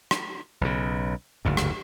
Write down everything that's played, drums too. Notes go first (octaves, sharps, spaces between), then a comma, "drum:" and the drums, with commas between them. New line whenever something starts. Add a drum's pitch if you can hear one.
drum: rim click
B1 C#3
F#1 D2 G#2
drum: rim click